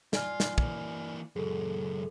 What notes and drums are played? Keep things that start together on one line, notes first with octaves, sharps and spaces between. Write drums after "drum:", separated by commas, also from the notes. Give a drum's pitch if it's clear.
F4 D5 G#5 F6, drum: snare
drum: snare
E3 A#3, drum: kick
C#2 F#2 G#4 A4